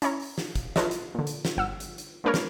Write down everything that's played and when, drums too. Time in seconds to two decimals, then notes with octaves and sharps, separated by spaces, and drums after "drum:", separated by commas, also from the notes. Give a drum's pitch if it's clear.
0.02 C#4 E4 C#5 A#5, drum: hi-hat
0.20 drum: open hi-hat
0.38 drum: snare
0.55 drum: kick, hi-hat
0.76 E4 F4 A4 B4 C#5 D#5, drum: snare
0.91 drum: hi-hat
1.15 A#2 D3
1.27 drum: hi-hat
1.45 drum: snare
1.57 G1 F#5 E6
1.80 drum: hi-hat
1.98 drum: hi-hat
2.24 G#3 A#3 D4 A#4 B4 C#5
2.34 drum: snare